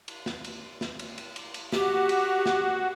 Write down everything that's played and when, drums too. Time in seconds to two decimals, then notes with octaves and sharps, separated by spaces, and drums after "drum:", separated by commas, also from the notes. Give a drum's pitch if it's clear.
0.08 drum: cymbal
0.26 drum: snare
0.44 drum: cymbal
0.81 drum: snare
0.99 drum: cymbal
1.18 drum: cymbal
1.36 drum: cymbal
1.54 drum: cymbal
1.73 F#4 G4, drum: snare
2.09 drum: cymbal
2.46 drum: snare